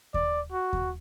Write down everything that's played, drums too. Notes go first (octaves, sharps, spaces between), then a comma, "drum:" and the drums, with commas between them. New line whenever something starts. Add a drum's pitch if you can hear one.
D5, drum: kick D#2
F#4
drum: kick D#2